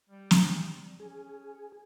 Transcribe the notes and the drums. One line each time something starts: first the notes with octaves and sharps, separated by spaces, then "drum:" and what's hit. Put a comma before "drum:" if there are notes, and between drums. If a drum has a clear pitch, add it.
G3
drum: snare
C#4 G#4